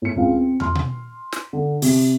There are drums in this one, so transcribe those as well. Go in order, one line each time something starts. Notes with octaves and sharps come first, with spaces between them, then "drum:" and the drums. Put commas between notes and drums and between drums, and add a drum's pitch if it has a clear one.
A2 C#7
C#2 C4 F5
C4
C6 F6, drum: tom
drum: tom B2
drum: snare
D3
C3, drum: open hi-hat